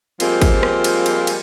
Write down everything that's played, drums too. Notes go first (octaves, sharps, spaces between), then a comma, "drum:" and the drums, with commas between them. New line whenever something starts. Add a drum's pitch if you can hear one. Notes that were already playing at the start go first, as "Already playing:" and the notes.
F3 G3 G#3 A#3 C4 F4, drum: cymbal
drum: kick, cymbal
drum: rim click
drum: cymbal
drum: cymbal
drum: cymbal